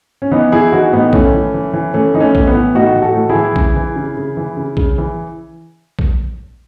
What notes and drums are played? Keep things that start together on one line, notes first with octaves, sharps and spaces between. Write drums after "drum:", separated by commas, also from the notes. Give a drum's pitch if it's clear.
C#4
E3 B3 D#4
E3 E4 G#4
E3 D#4 F#4
A2 B3 D#4
E3 A3 C#4, drum: kick A#1
E3
E3
E3
E3 A3 C#4
E3 D#4
A3 C#4
A2, drum: kick A#1
B3
E3
A2 D#4 F#4
E3
F#4 A4
A2
E4 G#4
E3
C#3, drum: kick A#1
E3
C#3
C#3
E3
C#3
C#3, drum: kick A#1
E3
drum: kick A#1